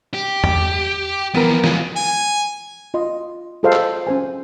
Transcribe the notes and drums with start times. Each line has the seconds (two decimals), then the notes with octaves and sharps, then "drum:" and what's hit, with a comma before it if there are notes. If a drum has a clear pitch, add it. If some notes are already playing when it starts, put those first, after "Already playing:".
0.14 G4
0.44 drum: tom E2
1.35 E3 F3 B3 A#4
1.64 G#3 F4, drum: snare
1.96 G#5
2.94 F4 D#5 C6
3.63 F4 G#4 A4 C5 D#5 F5
3.72 drum: clap
4.07 C#4 C5 G#5